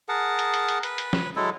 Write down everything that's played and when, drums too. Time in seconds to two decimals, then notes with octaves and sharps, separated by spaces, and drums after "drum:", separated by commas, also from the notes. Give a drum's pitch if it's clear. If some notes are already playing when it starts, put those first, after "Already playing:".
0.09 G#4 A#4 F#5 A5
0.39 drum: hi-hat
0.54 drum: hi-hat
0.68 drum: hi-hat
0.83 B4, drum: hi-hat
0.98 drum: hi-hat
1.13 drum: snare
1.36 F#3 G#3 E4 A4